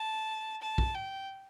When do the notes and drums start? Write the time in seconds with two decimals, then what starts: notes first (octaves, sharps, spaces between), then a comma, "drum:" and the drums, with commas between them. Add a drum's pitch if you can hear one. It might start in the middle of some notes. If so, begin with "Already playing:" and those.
Already playing: A5
0.61 A5
0.78 drum: kick
0.95 G5